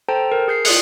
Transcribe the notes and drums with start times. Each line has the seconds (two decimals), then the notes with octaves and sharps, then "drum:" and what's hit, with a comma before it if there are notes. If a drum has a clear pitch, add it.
0.09 A4 C5 G5 A5 A#5
0.32 A#4
0.48 G#4 G6 C7
0.65 F4 D5 D#6 F#6 C#7, drum: open hi-hat